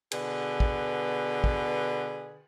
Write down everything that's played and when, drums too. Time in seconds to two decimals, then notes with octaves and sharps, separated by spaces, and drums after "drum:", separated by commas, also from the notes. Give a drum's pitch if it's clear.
0.11 B2 D3 G#4 B4, drum: cymbal
0.60 drum: kick
1.44 drum: kick